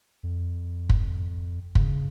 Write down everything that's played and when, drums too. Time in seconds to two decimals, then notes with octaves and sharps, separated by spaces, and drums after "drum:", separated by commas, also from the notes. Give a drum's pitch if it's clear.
0.23 F2
0.89 drum: kick
1.75 C#3, drum: kick